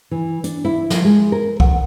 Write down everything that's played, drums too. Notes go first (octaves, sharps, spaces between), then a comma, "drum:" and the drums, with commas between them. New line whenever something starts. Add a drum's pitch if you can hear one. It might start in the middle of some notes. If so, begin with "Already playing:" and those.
E3
D4, drum: hi-hat
E4
F3, drum: snare
G#3
A#4
F#5, drum: kick C2